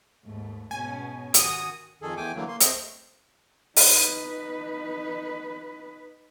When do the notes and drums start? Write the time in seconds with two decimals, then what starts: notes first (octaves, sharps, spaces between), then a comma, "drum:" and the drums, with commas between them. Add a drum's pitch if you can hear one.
0.24 D#2 G#2 A3
0.71 G#2 B2 C#4 G#5
1.34 D#3 F#4 D#6, drum: hi-hat
2.02 F2 D#3 G#4 A4
2.17 E2 A3 G5 G#5 D6
2.35 D3 E3 F#3 A3 A#3
2.48 A#3 C6
2.60 A3 C4 C5 D#5, drum: hi-hat
3.76 D#4 B4, drum: open hi-hat